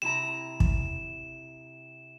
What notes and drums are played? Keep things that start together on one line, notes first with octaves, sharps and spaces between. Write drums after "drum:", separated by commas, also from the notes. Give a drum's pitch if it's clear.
C3 E4 A#5 E7
drum: kick